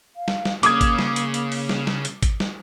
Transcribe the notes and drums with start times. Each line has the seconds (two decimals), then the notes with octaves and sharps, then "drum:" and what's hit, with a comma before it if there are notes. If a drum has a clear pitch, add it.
0.16 F5
0.28 drum: snare
0.45 drum: snare
0.63 C#3 A#3 D6 D#6 G#6, drum: hi-hat
0.81 drum: kick G#1, hi-hat
0.99 drum: snare
1.16 drum: hi-hat
1.34 drum: hi-hat
1.52 drum: open hi-hat
1.69 drum: snare
1.87 drum: snare
2.05 drum: hi-hat
2.23 drum: kick G#1, hi-hat
2.40 drum: snare